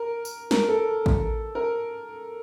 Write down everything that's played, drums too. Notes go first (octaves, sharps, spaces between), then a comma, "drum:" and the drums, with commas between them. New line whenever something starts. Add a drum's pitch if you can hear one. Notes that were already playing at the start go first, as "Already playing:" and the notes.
Already playing: A#4
drum: tambourine
A#4, drum: snare
A4
drum: kick A1
A#4